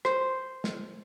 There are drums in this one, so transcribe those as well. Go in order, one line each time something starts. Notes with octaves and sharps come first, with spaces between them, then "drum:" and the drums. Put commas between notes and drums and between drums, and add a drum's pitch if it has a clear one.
C5, drum: rim click
drum: snare